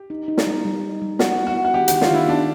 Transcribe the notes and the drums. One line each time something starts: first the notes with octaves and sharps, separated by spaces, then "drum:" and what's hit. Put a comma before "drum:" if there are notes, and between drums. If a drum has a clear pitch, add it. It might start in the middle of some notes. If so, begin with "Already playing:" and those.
Already playing: G4
D#4
D#4
drum: snare
G3
G3
D#4
G3
B3 F#4, drum: snare
B3
F#4
E4
F#4
D#3 G4
D#3 F#4, drum: hi-hat
F4, drum: snare
D#3 E4
B3 D4